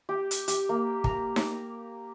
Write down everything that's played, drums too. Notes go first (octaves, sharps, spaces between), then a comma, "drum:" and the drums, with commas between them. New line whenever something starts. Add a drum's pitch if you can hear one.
G4
drum: hi-hat
G4, drum: hi-hat
A#3
A#5, drum: kick
drum: snare D#4